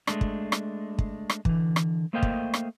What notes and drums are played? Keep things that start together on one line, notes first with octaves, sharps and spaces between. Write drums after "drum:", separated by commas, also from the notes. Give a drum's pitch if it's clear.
G#3 A3 D4, drum: rim click
drum: kick
drum: rim click
drum: kick
drum: rim click
D3 E3, drum: kick
drum: rim click
A3 A#3 C5 D#5 F5 G5
drum: kick
drum: rim click